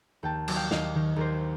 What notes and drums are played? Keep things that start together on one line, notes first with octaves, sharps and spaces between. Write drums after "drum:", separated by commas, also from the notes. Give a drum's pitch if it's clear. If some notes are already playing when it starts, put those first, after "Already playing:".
D#2 G5 A5
F#3, drum: cymbal
F5 G5
D#2 D#5 F5, drum: snare
D#3
D#2 A#4 C5